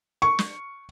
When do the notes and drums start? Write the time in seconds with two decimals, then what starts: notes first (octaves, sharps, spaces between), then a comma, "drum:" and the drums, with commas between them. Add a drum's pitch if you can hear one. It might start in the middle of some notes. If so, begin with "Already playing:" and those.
0.22 C#6
0.39 drum: snare